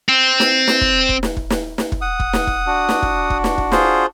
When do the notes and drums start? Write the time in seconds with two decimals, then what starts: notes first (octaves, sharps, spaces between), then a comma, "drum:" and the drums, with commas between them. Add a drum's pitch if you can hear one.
0.09 C4
0.40 drum: snare
0.68 drum: snare
0.81 drum: kick
1.09 drum: kick
1.23 drum: snare
1.37 drum: kick
1.50 drum: snare
1.78 drum: snare
1.92 drum: kick
2.01 F#5 D#6
2.20 drum: kick
2.33 drum: snare
2.47 drum: kick
2.67 D4 F#4
2.89 drum: snare
3.02 drum: kick
3.30 drum: kick
3.44 drum: snare
3.58 drum: kick
3.72 F4 G#4 C5, drum: snare